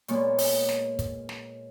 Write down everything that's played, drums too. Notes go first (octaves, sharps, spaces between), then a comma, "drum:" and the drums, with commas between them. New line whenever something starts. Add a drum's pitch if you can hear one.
A#2 G#3 B3 C#5, drum: hi-hat
drum: open hi-hat
drum: snare
drum: kick, hi-hat
drum: snare